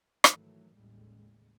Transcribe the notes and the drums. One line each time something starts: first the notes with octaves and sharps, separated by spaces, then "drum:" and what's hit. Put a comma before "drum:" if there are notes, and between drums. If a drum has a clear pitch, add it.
G#2 D#3 E3 F#3 A3, drum: rim click
A1 D#2 A2 C#3 G3 G#3